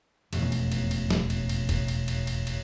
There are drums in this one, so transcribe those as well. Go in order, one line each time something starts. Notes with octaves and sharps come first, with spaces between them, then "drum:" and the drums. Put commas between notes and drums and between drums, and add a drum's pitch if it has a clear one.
E1 A1 F2 B2, drum: cymbal
drum: cymbal
drum: cymbal
drum: cymbal
drum: snare
drum: cymbal
drum: cymbal
drum: kick G1, cymbal
drum: cymbal
drum: cymbal
drum: cymbal
drum: cymbal